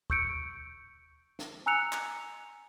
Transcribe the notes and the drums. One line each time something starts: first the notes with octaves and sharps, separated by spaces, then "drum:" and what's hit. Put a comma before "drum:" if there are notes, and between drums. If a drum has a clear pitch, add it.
C#6 E6 G6 C#7 D7, drum: kick
drum: snare
G#5 A#5 E6 F#6 C#7 F7
drum: clap